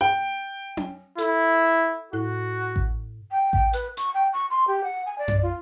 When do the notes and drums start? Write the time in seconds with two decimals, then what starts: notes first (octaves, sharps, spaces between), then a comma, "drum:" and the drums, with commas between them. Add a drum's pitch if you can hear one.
0.01 G5
0.77 drum: tom C#4
1.18 E4 A4, drum: hi-hat
2.13 A2 E4 F#4 F#6
2.76 drum: kick A1
3.31 G5
3.53 G5, drum: kick A1
3.73 B4, drum: hi-hat
3.97 C#6, drum: hi-hat
4.14 G5
4.33 C#6
4.50 C6
4.68 G4
4.84 F#5
5.06 G#5
5.18 D5
5.28 drum: tom F#2
5.43 F4